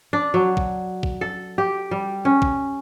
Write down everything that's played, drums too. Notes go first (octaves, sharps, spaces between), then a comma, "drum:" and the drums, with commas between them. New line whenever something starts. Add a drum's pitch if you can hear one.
D4
F#3
drum: kick
drum: kick
A4
G4
G3
C#4
drum: kick